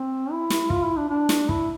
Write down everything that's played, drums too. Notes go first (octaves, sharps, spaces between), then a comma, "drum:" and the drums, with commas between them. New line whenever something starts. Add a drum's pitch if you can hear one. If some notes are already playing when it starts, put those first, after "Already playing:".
Already playing: C4
E4
drum: snare
F4, drum: kick
E4
D4
D4
drum: snare
E4, drum: kick